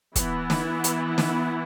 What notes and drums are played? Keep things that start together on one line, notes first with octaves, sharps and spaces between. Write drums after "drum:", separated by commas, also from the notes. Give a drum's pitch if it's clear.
E3 B3 E4, drum: kick, hi-hat
drum: snare
drum: hi-hat
drum: snare